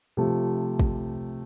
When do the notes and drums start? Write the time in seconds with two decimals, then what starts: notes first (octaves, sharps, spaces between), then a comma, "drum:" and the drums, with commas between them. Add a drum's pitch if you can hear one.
0.17 C3 F3 A3
0.79 drum: kick